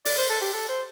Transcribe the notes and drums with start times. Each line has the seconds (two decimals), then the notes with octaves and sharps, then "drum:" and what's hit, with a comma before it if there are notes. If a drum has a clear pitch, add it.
0.05 D5, drum: open hi-hat
0.18 C5
0.30 A4
0.42 G4
0.54 A4
0.69 C5